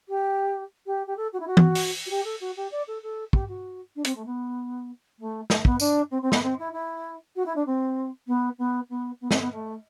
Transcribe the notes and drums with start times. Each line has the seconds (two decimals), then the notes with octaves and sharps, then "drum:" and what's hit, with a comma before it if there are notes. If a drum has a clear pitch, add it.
0.08 G4
0.86 G4
1.06 G4
1.16 A4
1.33 F#4
1.39 E4
1.47 F#4
1.57 drum: tom
1.75 drum: open hi-hat
2.06 F#4
2.10 G4
2.24 A4
2.40 F#4
2.56 G4
2.71 D5
2.87 A4
3.02 A4
3.33 G4, drum: kick
3.48 F#4
3.95 D4
4.05 C4, drum: hi-hat
4.15 A3
4.25 B3
5.19 A3
5.50 A3, drum: snare
5.65 B3, drum: kick
5.80 D4, drum: tambourine
6.10 C4
6.22 C4
6.32 B3, drum: snare
6.43 C4
6.58 E4
6.72 E4
7.35 F#4
7.45 E4
7.55 D4
7.66 C4
8.27 B3
8.58 B3
8.89 B3
9.20 B3
9.31 C4, drum: snare
9.40 B3
9.52 A3